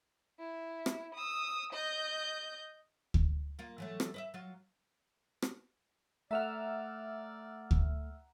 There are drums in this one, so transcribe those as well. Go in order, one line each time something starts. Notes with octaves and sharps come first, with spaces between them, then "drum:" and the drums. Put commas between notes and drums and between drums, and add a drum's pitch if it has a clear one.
E4
drum: rim click
D#6 E6
D#5 G6
drum: kick D2
A#3 F4
E3 F#3 A3
drum: rim click
B4 D#5 E5
F#3 F4
drum: rim click
A3 D5 E5 F#5 A#5 E6 F6
drum: kick D2